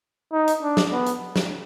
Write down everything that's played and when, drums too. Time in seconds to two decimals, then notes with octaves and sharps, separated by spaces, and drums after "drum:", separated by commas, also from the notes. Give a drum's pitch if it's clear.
0.33 D#4
0.48 drum: hi-hat
0.63 D4
0.77 drum: snare
0.92 B3
1.06 drum: hi-hat
1.36 drum: snare